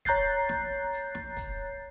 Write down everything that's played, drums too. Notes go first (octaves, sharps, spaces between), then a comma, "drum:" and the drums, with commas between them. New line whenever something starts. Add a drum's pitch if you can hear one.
C#5 A#5 F#6 G6 A6 C7, drum: kick, hi-hat
drum: snare
drum: hi-hat
drum: snare
drum: kick, hi-hat